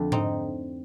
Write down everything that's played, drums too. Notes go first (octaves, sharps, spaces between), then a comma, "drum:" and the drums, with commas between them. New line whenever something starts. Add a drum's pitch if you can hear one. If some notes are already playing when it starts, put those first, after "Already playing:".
Already playing: F2 D3 A3
C4 D#4, drum: tom G#2